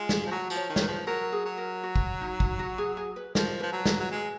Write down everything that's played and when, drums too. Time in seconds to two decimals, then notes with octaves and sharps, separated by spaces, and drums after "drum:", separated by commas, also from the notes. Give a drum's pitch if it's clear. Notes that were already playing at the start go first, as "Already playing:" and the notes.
Already playing: G#3 F4
0.09 drum: snare
0.26 F3
0.31 F#3 F#4
0.50 F3, drum: tambourine
0.56 C#5
0.69 D#3
0.76 C#5, drum: snare
0.80 D#3 B4
0.88 F3
1.07 F#3 A#4
1.32 G#4
1.45 F#3
1.58 A#4
1.83 F#4
1.96 drum: kick
2.21 D#4
2.40 drum: kick
2.59 F#4
2.78 G#4
2.97 G#4
3.16 B4
3.35 F3 A#4, drum: snare
3.60 F3 B4
3.73 F#3
3.86 B4, drum: snare
4.00 F#3
4.11 G#3